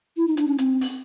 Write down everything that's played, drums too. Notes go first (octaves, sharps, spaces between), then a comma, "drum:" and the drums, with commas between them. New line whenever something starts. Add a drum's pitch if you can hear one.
E4
D#4
D4, drum: hi-hat
C#4
C4, drum: hi-hat
drum: open hi-hat